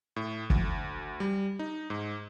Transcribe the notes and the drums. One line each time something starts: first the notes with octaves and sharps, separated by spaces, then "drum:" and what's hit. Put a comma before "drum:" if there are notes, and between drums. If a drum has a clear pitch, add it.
A2
D2, drum: kick
G3
D#4
G#2